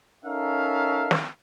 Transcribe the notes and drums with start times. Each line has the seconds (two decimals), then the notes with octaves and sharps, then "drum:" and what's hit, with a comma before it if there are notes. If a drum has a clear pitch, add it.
0.25 C#4 D#4 A4 A#4 E5 F5
1.11 drum: snare